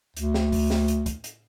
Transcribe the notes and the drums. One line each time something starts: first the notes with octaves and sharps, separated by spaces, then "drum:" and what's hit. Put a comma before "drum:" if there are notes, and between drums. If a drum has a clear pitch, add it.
D2, drum: hi-hat
drum: snare
drum: kick, open hi-hat
drum: snare
drum: hi-hat
drum: kick, hi-hat
drum: hi-hat